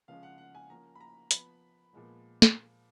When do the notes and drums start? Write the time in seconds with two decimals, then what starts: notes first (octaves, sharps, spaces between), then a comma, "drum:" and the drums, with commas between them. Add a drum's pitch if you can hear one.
0.08 C#3 F3 G#3 C#4 F5
0.23 F#5
0.38 F#5
0.55 G#5
0.70 F3 A#3 C#4 A#5
0.95 B5
1.01 A#5
1.31 F3 B3 B5, drum: hi-hat
1.93 A#2 F3 G#3 B3
2.42 drum: snare